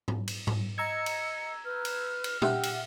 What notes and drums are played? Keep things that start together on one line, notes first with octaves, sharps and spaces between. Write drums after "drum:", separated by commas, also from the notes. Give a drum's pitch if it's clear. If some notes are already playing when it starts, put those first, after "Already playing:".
drum: tom G#2
drum: cymbal
drum: tom G#2
D#5 A#5 E6 G#6 C#7
drum: cymbal
B4 F6
drum: cymbal
drum: cymbal
G4 E5 F#5 G5, drum: tom
drum: cymbal